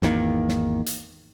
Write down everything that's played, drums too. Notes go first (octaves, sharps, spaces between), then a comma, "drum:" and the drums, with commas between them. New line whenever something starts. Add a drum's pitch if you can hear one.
G#1 E2 D#3 A#3, drum: snare
drum: snare
drum: hi-hat